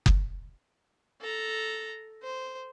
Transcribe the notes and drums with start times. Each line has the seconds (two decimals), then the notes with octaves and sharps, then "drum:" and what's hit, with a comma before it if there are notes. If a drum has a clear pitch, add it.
0.06 drum: kick F#1
1.22 A4 A#5
2.23 C5